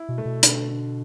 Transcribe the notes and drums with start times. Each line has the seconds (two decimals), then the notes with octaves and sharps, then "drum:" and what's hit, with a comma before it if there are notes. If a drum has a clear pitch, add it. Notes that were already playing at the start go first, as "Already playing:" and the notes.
Already playing: E4
0.09 B2
0.18 A3
0.25 B2
0.43 D3, drum: hi-hat
0.69 D3